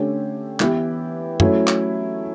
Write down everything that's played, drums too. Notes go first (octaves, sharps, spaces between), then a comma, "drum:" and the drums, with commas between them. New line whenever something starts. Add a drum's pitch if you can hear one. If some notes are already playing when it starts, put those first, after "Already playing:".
Already playing: D3 A3 C#4 G4
E3 B3 E4 G4, drum: clap
F#3 A3 C#4 E4, drum: tom
drum: clap